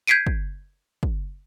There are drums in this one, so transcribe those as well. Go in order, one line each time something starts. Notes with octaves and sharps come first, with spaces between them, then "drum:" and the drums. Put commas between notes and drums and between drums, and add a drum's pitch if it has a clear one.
G6 G#6 B6 C7 D7 D#7
drum: kick
drum: kick